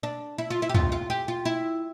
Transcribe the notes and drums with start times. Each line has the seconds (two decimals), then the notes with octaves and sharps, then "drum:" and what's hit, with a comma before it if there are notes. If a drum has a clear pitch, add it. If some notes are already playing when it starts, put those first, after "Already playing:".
0.03 D4
0.38 E4
0.50 F4
0.62 E4
0.69 G4
0.74 F4, drum: tom
0.92 F4
1.10 G4
1.28 F4
1.45 E4